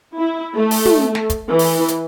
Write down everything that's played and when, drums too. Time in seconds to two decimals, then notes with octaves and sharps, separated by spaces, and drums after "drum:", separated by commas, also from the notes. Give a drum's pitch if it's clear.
0.17 E4
0.56 A3
0.71 drum: open hi-hat
0.85 drum: tom
1.15 drum: snare
1.30 drum: kick, hi-hat
1.50 E3
1.59 drum: open hi-hat
1.88 drum: hi-hat